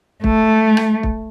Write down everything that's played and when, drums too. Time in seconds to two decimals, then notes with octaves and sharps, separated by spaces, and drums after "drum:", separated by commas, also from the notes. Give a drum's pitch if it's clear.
0.24 A3, drum: kick
0.77 drum: rim click
1.03 drum: kick